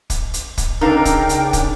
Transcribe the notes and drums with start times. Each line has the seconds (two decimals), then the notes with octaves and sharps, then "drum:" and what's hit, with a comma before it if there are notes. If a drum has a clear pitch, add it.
0.10 drum: kick, hi-hat
0.34 drum: hi-hat
0.57 drum: kick, hi-hat
0.81 C#3 D4 D#4 A4 A#4 F5 G5
1.05 drum: kick, hi-hat
1.29 drum: hi-hat
1.53 drum: kick, hi-hat